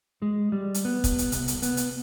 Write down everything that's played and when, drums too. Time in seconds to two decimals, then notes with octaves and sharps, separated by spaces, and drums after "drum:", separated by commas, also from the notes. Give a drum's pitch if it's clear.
0.22 G#3
0.52 G3
0.74 drum: hi-hat
0.85 B3
1.04 drum: kick, hi-hat
1.18 drum: hi-hat
1.32 C2, drum: hi-hat
1.48 drum: hi-hat
1.62 B3, drum: hi-hat
1.77 drum: hi-hat